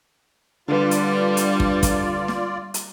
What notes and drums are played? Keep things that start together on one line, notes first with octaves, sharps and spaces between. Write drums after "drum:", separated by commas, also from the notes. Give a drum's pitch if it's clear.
D3 G3 F4 B4 D5
drum: hi-hat
drum: hi-hat
drum: kick
drum: kick, hi-hat
drum: snare
drum: hi-hat